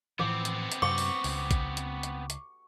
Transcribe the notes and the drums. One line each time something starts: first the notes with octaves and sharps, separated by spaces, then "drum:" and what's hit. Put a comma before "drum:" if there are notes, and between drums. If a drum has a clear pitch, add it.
A2 E3 F3 B3 C4 D6
drum: hi-hat
drum: hi-hat
F#2 C3 C#6 D6
drum: open hi-hat
C#2, drum: open hi-hat
drum: kick A1, hi-hat
drum: hi-hat
drum: hi-hat
drum: hi-hat